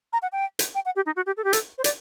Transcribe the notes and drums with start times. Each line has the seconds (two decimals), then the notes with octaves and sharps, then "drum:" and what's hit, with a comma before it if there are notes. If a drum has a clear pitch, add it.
0.13 A#5
0.22 F#5
0.32 G5
0.59 drum: hi-hat
0.75 G5
0.85 F#5
0.96 G4
1.06 D#4
1.16 F#4
1.26 G4
1.37 A4
1.44 G4
1.53 A4, drum: hi-hat
1.78 C5
1.84 D5, drum: hi-hat